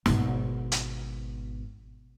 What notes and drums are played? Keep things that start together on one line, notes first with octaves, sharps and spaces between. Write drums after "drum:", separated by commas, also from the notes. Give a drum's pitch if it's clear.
G#1 B2, drum: snare
drum: hi-hat